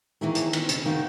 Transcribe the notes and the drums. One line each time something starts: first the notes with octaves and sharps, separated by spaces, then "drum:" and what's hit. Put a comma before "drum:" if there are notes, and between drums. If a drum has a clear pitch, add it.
D#3 E3 A#3 E4 G#4 C#5
drum: hi-hat
D#3, drum: cymbal
C#3, drum: hi-hat
D#3 A#3 D#4 F#4